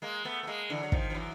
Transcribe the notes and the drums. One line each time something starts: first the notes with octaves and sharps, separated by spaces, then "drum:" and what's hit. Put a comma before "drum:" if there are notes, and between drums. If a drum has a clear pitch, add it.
G#3 A#3
A3 B3
B3
G#3 A#3
D3 E3
F#3
D#3 F3, drum: kick
F3
E3 F#3